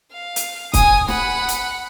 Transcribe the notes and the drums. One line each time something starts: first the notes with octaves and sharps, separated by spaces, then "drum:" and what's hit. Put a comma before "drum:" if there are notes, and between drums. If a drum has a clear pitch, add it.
F5
drum: hi-hat
G#5 D#6, drum: kick, hi-hat
F#5 B5, drum: snare
drum: hi-hat